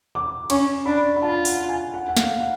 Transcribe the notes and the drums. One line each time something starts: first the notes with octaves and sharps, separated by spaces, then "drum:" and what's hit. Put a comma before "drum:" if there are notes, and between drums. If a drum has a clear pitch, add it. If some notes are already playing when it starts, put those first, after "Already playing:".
D6
C#4 C#6, drum: cymbal
D4 B5
B5
F4 A5
F#5, drum: open hi-hat
G#5
F#5
F#5
F5, drum: snare
F#5